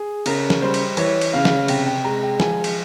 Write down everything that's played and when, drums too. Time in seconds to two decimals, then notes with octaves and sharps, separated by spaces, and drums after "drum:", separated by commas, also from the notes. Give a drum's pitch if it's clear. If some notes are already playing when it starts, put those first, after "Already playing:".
Already playing: G#4
0.26 C#3 A#4, drum: cymbal
0.50 drum: snare
0.62 G3 C5
0.74 drum: cymbal
0.97 E3 C#5, drum: cymbal
1.21 drum: cymbal
1.33 C#3 F5
1.45 drum: snare
1.68 C3 G5, drum: cymbal
1.86 G5
2.04 G#3 A#5
2.23 G5
2.40 F3 G#5, drum: snare
2.64 drum: cymbal